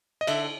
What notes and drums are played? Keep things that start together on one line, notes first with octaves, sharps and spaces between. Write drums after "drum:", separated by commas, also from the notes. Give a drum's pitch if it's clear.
D#5
D3 E5, drum: cymbal